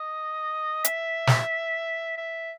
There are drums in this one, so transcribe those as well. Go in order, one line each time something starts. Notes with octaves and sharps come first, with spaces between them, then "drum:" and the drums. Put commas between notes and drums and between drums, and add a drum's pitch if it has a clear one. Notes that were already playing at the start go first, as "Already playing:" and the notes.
Already playing: D#5
E5, drum: hi-hat
drum: snare
E5